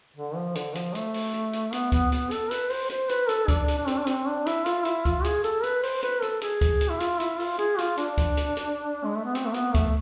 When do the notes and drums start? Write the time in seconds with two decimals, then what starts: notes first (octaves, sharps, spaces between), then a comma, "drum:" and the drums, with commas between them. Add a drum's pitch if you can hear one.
0.17 D3
0.35 F3
0.55 D3, drum: hi-hat
0.75 F3, drum: hi-hat
0.95 A3, drum: hi-hat
1.14 drum: open hi-hat
1.34 drum: hi-hat
1.53 drum: hi-hat
1.73 B3, drum: hi-hat
1.92 B3, drum: kick C#2, hi-hat
2.12 B3, drum: hi-hat
2.31 A4, drum: hi-hat
2.51 B4, drum: hi-hat
2.70 C5, drum: open hi-hat
2.90 C5, drum: hi-hat
3.09 B4, drum: hi-hat
3.29 A4, drum: hi-hat
3.48 D4, drum: kick C#2, hi-hat
3.68 drum: hi-hat
3.78 D4
3.87 C4, drum: hi-hat
3.97 D4
4.07 C4, drum: hi-hat
4.27 D4
4.46 E4, drum: hi-hat
4.66 F4, drum: hi-hat
4.85 E4, drum: hi-hat
5.05 F4, drum: kick C#2, hi-hat
5.24 G#4, drum: hi-hat
5.44 A4, drum: hi-hat
5.63 B4, drum: hi-hat
5.83 C5, drum: open hi-hat
6.03 B4, drum: hi-hat
6.22 A4, drum: hi-hat
6.42 G#4, drum: hi-hat
6.61 drum: kick C#2, hi-hat
6.81 drum: hi-hat
6.90 E4
7.00 F4, drum: hi-hat
7.20 E4, drum: hi-hat
7.40 F4, drum: open hi-hat
7.59 G#4, drum: hi-hat
7.79 F4, drum: hi-hat
7.97 D4, drum: hi-hat
8.18 drum: kick C#2, hi-hat
8.37 drum: hi-hat
8.57 drum: hi-hat
9.05 G#3
9.15 A3
9.25 B3
9.35 C4, drum: hi-hat
9.46 A3
9.54 B3, drum: hi-hat
9.75 A3, drum: kick C#2, hi-hat